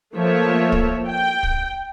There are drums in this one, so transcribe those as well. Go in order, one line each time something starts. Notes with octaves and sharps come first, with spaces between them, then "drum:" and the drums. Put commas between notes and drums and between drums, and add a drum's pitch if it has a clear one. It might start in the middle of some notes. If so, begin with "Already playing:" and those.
F3 A3 A#3 C#5 E5
drum: kick
G5
drum: kick